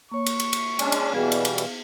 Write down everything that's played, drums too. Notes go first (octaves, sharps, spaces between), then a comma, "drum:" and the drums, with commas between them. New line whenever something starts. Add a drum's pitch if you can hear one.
A#3 C#5 C#6
drum: cymbal
drum: cymbal
drum: cymbal
G#3 C#4 D4, drum: cymbal
drum: cymbal
B2 E3 G3 B3 G#4 F5
drum: cymbal
drum: cymbal
drum: cymbal